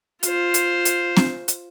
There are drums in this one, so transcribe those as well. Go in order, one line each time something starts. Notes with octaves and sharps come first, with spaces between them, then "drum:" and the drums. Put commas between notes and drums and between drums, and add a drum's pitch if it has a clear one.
F4 C5, drum: hi-hat
drum: hi-hat
drum: hi-hat
drum: snare C4
drum: hi-hat